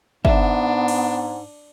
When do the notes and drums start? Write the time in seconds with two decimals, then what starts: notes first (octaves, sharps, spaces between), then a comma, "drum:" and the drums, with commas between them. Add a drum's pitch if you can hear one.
0.25 G#2 B3 D4 E5, drum: kick
0.88 drum: cymbal